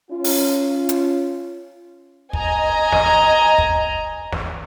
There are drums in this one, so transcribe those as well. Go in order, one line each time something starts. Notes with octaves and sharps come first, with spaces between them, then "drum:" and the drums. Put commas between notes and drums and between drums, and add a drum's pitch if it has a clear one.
C#4 F4
drum: open hi-hat
drum: hi-hat
D#5 G#5 A#5, drum: kick
drum: snare
drum: kick
drum: snare